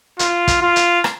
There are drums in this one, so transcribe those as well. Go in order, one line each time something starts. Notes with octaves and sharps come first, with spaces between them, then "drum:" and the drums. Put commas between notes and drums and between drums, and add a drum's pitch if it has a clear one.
F4, drum: hi-hat
drum: kick, hi-hat
F4
drum: hi-hat
drum: rim click